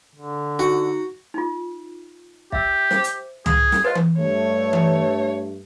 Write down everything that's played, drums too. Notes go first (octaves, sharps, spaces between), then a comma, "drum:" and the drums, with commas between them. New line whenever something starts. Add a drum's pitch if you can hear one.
D3
D#4 F#4
D#4 F4
G4 E5 E6, drum: kick
C5, drum: snare
drum: hi-hat
G#4, drum: tom
drum: snare
F4 B4 C5 D#5
drum: tom E3
G2 A3 C#5
drum: tom E3